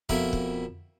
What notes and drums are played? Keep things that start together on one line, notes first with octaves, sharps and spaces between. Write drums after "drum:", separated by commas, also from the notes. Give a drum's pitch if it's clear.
F2 B2 E4 A#4 E5, drum: kick
drum: kick